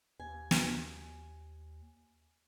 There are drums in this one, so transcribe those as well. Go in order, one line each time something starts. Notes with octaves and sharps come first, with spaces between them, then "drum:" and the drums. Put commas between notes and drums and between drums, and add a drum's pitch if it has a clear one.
D#2 G#5
drum: snare